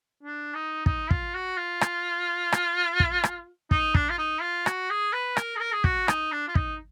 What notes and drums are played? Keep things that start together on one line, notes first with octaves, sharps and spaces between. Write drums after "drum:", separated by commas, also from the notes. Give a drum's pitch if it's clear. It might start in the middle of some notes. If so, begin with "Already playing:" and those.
D4
D#4
D#4, drum: kick
F4, drum: kick
F#4
F4
drum: rim click
drum: rim click
drum: kick
drum: rim click
D#4, drum: kick
D4, drum: kick
F4
D#4
F4
F#4, drum: rim click
G#4
B4
A#4, drum: rim click
G#4
A#4
G#4
F#4, drum: kick
D#4, drum: rim click
D4
F4
D#4, drum: kick